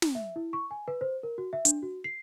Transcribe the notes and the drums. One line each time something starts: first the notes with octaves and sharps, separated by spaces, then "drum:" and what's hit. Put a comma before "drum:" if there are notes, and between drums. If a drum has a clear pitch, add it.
drum: snare
E5
E4
C#6
G#5
B4
C5
A#4
F#4
E5
D4, drum: hi-hat
F#4
C7